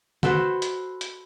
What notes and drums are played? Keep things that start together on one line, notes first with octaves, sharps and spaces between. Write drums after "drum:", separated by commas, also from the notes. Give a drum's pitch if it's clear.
F#4 A4 B4 C5, drum: tom
drum: hi-hat
drum: hi-hat